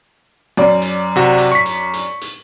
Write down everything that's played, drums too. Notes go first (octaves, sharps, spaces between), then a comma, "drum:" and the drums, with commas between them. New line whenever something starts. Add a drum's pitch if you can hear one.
F#2 D5
drum: hi-hat
C3 F#4
drum: hi-hat
C#6 B6
drum: hi-hat
drum: hi-hat
drum: hi-hat